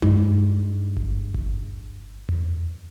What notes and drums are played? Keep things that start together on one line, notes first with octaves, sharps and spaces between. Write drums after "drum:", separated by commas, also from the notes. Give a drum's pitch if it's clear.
G2 G#3, drum: tom D#4
drum: kick G1
drum: kick G1
drum: tom E2